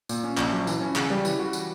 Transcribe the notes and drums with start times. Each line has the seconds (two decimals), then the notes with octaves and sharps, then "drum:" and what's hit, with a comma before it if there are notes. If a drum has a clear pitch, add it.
0.09 A#2, drum: tambourine
0.24 C#4
0.37 A#1, drum: clap
0.53 F#3
0.67 E3, drum: tambourine
0.81 C#4
0.96 C#3, drum: clap
1.10 G3
1.25 E3, drum: tambourine
1.39 F#4
1.53 drum: tambourine